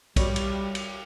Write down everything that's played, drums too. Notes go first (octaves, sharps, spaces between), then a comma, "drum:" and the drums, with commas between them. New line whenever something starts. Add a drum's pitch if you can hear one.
G3 F#4 C#5, drum: kick B1, cymbal
drum: cymbal
drum: cymbal